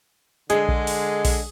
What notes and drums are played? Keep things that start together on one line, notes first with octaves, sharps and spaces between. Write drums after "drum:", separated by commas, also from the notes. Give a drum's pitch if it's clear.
D3 G#3 G#4, drum: hi-hat
drum: kick A#1
drum: open hi-hat
drum: kick A#1, open hi-hat